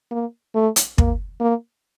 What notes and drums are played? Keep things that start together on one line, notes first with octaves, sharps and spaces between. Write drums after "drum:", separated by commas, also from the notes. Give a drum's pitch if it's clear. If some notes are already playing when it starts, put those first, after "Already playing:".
A#3
A3
drum: hi-hat
A#3, drum: kick
A#3